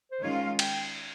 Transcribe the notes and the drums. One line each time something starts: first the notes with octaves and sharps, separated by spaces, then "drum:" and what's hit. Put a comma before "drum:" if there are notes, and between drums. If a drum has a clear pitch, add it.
C5
D#3 G#3 C#4 F4 C#5
F5
F5
G5, drum: cymbal